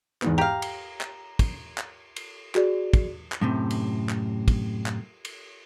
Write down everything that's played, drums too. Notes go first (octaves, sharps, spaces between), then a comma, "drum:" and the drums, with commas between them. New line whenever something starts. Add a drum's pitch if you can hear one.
E2 G#2 B3, drum: clap
G4 F5 A#5
drum: cymbal
drum: clap
drum: kick, cymbal
drum: clap
drum: cymbal
F#4 G#4 D5, drum: clap
drum: kick, cymbal
drum: clap
F#2 A2 C3
drum: cymbal
drum: clap
drum: kick, cymbal
drum: clap
drum: cymbal